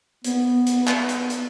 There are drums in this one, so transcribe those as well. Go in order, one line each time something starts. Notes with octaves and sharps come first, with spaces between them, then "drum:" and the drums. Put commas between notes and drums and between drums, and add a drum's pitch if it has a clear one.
B3, drum: hi-hat
drum: hi-hat
drum: clap
drum: hi-hat
drum: hi-hat